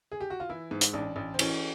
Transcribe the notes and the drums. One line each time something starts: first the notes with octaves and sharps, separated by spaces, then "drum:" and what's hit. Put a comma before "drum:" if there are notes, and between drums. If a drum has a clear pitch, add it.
G#4
G4
F#4
F4
E3 E4
G#2
drum: hi-hat
A1 D4
A1
C4
E3 C#4, drum: cymbal